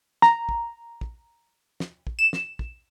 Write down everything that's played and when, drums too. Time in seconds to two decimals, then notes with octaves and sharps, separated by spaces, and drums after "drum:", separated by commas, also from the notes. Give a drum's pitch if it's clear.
0.22 A#5, drum: snare
0.49 drum: kick
1.01 drum: kick
1.80 drum: snare
2.07 drum: kick
2.19 E7
2.33 drum: snare
2.59 drum: kick